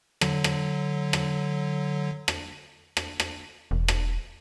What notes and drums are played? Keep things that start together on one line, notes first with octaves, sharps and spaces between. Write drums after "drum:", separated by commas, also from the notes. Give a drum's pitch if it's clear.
D3 F#3, drum: rim click
drum: rim click
drum: rim click
drum: rim click
drum: rim click
drum: rim click
E1
drum: rim click